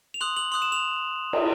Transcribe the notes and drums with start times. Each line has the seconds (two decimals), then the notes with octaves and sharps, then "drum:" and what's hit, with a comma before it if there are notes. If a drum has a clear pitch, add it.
0.14 F7
0.21 C6 D#6 F#6 F#7
0.37 F#7
0.52 C6 D#6 F#6 F#7
0.62 E7
0.72 F7
1.33 drum: cymbal